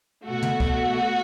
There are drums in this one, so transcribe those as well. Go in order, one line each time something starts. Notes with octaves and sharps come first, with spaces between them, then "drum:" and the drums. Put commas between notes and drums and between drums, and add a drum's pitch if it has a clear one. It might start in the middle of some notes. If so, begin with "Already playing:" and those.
B2 A3 F#4
drum: tom
drum: kick